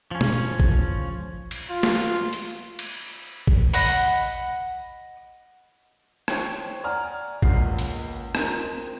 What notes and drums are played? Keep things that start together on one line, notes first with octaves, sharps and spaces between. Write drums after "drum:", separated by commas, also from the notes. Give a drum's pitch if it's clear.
F3 C#4
drum: tom B2
drum: kick
drum: cymbal
F4
drum: snare
drum: hi-hat
drum: cymbal
drum: kick
D#5 F#5 B5, drum: open hi-hat
C5 C#5 G5, drum: rim click
D5 F#5 G#5 A#5 F6
C#2 A#3 F4 F#5 C7, drum: kick
drum: hi-hat
C4 D#4 F4 A#4, drum: rim click